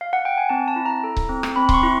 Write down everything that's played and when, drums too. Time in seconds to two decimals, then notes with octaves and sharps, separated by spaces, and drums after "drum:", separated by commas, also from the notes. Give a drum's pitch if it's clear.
0.01 F5
0.13 F#5
0.25 G5
0.38 G#5
0.49 C4 A5
0.68 A5
0.76 E4
0.86 A#5
1.04 A4
1.17 drum: kick C#1
1.29 C4
1.43 drum: rim click
1.56 C4 B5
1.69 C6, drum: kick C#1
1.74 C#6
1.83 E4